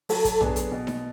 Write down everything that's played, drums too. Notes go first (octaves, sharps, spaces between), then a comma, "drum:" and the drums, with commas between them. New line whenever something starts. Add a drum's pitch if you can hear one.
F#3 A4, drum: open hi-hat
drum: kick, hi-hat
B3 D4 G#4, drum: tom A#1
drum: hi-hat
B2
drum: snare D#4